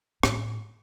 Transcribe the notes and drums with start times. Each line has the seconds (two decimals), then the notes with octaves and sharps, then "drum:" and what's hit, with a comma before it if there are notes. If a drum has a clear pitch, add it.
0.23 A2, drum: rim click